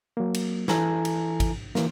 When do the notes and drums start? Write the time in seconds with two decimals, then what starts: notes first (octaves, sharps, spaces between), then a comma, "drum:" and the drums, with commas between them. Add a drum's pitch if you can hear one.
0.17 F#3 A#3
0.34 drum: cymbal
0.68 E3 E4 A4 G#5 A#5, drum: snare
1.05 drum: cymbal
1.40 drum: kick, cymbal
1.75 E3 A#3, drum: snare